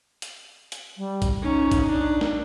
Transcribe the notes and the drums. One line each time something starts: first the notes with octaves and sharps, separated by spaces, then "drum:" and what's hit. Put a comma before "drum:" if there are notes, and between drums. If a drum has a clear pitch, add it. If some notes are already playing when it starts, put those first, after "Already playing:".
drum: hi-hat
drum: hi-hat
G3
drum: kick A#1, hi-hat
C#4 D#4
drum: kick A#1, hi-hat
D4
drum: snare